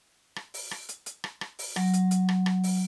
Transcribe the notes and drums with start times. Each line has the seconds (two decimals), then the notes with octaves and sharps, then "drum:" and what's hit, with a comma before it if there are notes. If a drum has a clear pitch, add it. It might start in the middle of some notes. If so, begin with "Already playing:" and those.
0.36 drum: rim click
0.54 drum: open hi-hat
0.71 drum: rim click
0.89 drum: hi-hat
1.06 drum: hi-hat
1.24 drum: rim click
1.41 drum: rim click
1.59 drum: open hi-hat
1.76 F#3, drum: rim click
1.94 drum: hi-hat
2.11 drum: hi-hat
2.29 drum: rim click
2.46 drum: rim click
2.63 drum: open hi-hat